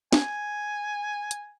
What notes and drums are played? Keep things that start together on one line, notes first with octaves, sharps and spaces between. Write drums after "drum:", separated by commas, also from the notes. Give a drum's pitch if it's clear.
G#5, drum: snare
drum: hi-hat